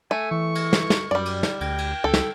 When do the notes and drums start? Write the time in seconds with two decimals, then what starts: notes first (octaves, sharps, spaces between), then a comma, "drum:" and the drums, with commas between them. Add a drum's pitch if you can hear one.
0.11 A3 G#5
0.31 E3 C#6
0.55 drum: cymbal
0.73 drum: snare
0.90 drum: snare
1.11 F#2 G3 D5
1.25 drum: cymbal
1.43 drum: snare
1.61 D2 G5, drum: cymbal
1.78 drum: cymbal
2.04 C#2 A4
2.14 drum: snare